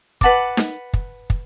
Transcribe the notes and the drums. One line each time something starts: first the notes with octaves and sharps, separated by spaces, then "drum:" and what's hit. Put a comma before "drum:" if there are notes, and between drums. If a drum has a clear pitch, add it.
B4 F#5 A5 D6, drum: kick
drum: snare D#4
drum: kick
drum: kick